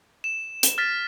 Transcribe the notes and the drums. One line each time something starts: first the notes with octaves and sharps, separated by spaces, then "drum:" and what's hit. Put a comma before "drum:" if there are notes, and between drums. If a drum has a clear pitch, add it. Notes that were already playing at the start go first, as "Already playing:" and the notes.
E7
drum: hi-hat
F6 A6 B6